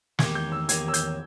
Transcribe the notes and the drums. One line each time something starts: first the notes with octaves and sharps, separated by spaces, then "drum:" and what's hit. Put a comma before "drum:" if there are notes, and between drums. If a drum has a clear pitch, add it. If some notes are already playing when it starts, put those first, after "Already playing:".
E2 D#3 A#3 D#4 G4 G#6, drum: snare
G6
E6
E2 D#3 A#3 D#4 G4 G#6, drum: hi-hat
E6
G6, drum: hi-hat